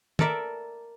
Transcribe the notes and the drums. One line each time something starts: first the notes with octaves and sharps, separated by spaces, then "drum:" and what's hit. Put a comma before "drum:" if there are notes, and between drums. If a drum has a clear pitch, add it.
A4 A#4 D5 E5, drum: tom